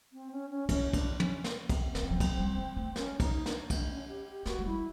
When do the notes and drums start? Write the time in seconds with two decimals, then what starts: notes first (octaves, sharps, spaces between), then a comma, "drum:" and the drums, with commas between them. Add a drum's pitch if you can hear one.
0.13 C4
0.32 C#4
0.50 C#4
0.69 E3 C#4, drum: kick, cymbal
0.93 D4, drum: kick, cymbal
1.20 C#4, drum: tom
1.44 drum: snare
1.70 drum: kick, cymbal
1.83 C4
1.95 D#3, drum: snare
2.03 E3
2.11 F3
2.20 F#3, drum: kick, cymbal
2.39 G3
2.58 G#3
2.76 A3
2.96 G#3 C#4, drum: snare
3.20 D#4, drum: kick, cymbal
3.46 D4, drum: snare
3.70 A3, drum: kick, cymbal
3.90 C#4
4.08 G4
4.28 G4
4.45 G#3 F#4, drum: snare
4.59 G#3
4.65 G3 E4